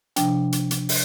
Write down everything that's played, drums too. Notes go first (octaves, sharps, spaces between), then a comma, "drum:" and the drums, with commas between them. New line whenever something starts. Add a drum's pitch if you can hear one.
C3 F3 D4 G5, drum: hi-hat
drum: hi-hat
drum: hi-hat
drum: open hi-hat